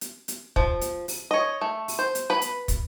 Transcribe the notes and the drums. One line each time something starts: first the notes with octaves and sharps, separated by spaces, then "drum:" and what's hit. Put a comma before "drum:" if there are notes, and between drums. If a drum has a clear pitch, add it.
drum: hi-hat
drum: hi-hat
F3, drum: kick
drum: hi-hat
drum: open hi-hat
C#5 D#5
A3
drum: open hi-hat
C5
drum: hi-hat
B4 B5
drum: hi-hat
drum: kick, hi-hat